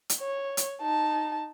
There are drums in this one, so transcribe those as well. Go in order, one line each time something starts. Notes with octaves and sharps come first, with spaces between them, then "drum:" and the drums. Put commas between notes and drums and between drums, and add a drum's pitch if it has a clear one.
drum: hi-hat
C#5
drum: hi-hat
D#4 A5